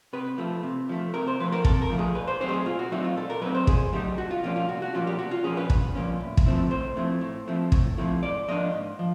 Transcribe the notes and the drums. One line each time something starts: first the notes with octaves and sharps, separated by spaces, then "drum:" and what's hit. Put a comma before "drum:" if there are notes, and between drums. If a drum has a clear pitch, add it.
C3 B4
F3 A3
C3
F3 A3
C3 A#4
C5
F3 A3 B4
A#4
C3 A4, drum: kick
A#4
F3 A3
G#4
A#2 B4
C5
F#3 A3 C4 D#4 C5
G4
G#4
A#2 F4
F#4
F#3 A3 C4 D#4 E4
F4
A#2 A4
A#4
F#3 A3 C4 D#4 B4
C5
A#2 G#4, drum: kick
F#3 A3 C4 D#4 G4
C2 F#4
F4
A#2 F3 A#3 C#4 F4
F4
C2 F#4
F#4
A#2 F3 A#3 C#4 F4
G4
C2 F#4
F4
A#2 F3 A#3 C#4 G#4
B4
C2, drum: kick
A#2 F3 A#3 C#4
A2
drum: kick
F3 A3 C4 E4
A2 C5
F3 A3 C4 E4
A2
F3 A3 C4 E4
A2, drum: kick
F3 A3 C4 E4
G#2 D5
F3 A#3 D4 D#5
G#2
F3